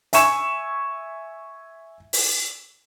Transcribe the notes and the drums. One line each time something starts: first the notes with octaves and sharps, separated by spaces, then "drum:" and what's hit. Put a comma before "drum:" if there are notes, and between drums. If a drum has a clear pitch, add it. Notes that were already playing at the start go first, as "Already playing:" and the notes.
E5 G#5 C#6 E7, drum: hi-hat
drum: open hi-hat